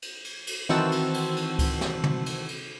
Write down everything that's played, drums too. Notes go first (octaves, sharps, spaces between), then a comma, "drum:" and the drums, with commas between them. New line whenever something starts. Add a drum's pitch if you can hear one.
drum: cymbal
drum: cymbal
drum: cymbal
D#3 E3 C4 F#4 A5 E6, drum: snare
drum: cymbal
drum: cymbal
drum: cymbal
drum: kick C#2, cymbal
drum: snare
drum: tom
drum: cymbal
drum: cymbal